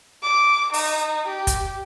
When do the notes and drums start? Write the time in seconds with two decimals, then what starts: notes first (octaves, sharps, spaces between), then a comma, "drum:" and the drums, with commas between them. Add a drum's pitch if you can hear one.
0.23 D6
0.74 D#4, drum: open hi-hat
1.28 G4
1.47 drum: kick, hi-hat